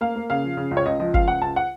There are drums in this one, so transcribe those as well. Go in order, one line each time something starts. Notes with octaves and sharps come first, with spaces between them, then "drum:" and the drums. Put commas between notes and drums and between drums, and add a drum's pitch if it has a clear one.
A#3 F5
A#3
C#3 F5
F3
C#3
C#2
C#5
C#2 D#5
F3 D#5
C#2 F5, drum: kick G1
C#2 F#5
C#2 A5
F#5